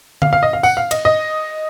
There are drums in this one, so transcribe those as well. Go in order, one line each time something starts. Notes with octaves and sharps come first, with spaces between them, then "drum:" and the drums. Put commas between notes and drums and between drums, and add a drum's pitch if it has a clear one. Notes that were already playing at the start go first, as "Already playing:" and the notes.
F5, drum: tom D3
F5
D#5
F5
F#5, drum: tambourine
F5
D#5, drum: cymbal
D#5